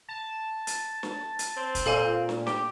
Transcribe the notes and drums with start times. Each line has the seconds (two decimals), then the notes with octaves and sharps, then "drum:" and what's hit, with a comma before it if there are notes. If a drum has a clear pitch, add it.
0.09 A5
0.67 drum: hi-hat
1.03 drum: snare
1.39 drum: hi-hat
1.57 C4
1.75 drum: kick, hi-hat
1.86 A#2 A4 F5 G#5
2.29 drum: snare
2.47 G4, drum: snare